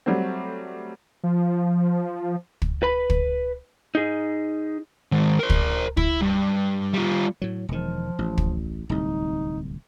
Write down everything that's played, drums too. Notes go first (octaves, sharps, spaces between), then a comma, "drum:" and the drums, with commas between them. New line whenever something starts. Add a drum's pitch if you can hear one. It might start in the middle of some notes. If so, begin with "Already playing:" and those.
F#3 G3 A3 C4
F3
drum: kick
B4 B5
drum: kick
D#4 G#4
D#3 G#3
A#4 C5
drum: kick
E4, drum: kick
G2
G3 F4
A2 F#3
E1 D#3 F3
A1
drum: kick
D1 C2 D#4